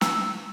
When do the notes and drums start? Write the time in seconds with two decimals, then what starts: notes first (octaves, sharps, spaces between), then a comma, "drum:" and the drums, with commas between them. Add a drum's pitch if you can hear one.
0.01 E6, drum: snare